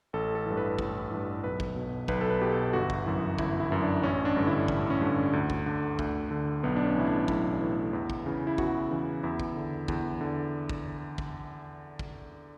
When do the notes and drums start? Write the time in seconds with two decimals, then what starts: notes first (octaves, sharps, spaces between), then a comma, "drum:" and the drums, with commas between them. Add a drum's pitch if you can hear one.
0.13 A1 A4
0.35 A4
0.46 G2 E3
0.57 B4
0.79 A1, drum: kick
1.11 G2 E3
1.44 B1 B4
1.60 drum: kick
1.76 B2
2.08 B1 B4, drum: kick
2.21 A4
2.30 B4
2.41 B2 G4
2.52 A4
2.73 G1 F#4
2.90 drum: kick
3.06 F#2 E3
3.38 G1 E4, drum: kick
3.60 E4
3.71 F#2 E3
3.82 D4
4.03 A1 C#4
4.25 D4
4.36 G2 D3
4.47 E4
4.68 A1, drum: kick
4.90 C#4
5.01 G2 D3
5.33 D2
5.50 drum: kick
5.66 D3
5.99 D2, drum: kick
6.31 D3
6.63 B1 B3
6.76 D4
6.85 C#4
6.96 A2 E3 E4
7.07 D4
7.28 B1 E4, drum: kick
7.61 A2 E3
7.93 E2
8.10 drum: kick
8.26 C#3 E3
8.47 E4
8.58 E2 F#4, drum: kick
8.91 C#3 E3
9.23 E2 E4
9.40 drum: kick
9.55 D3
9.88 E2, drum: kick
10.21 D3
10.69 drum: kick
11.18 drum: kick
11.99 drum: kick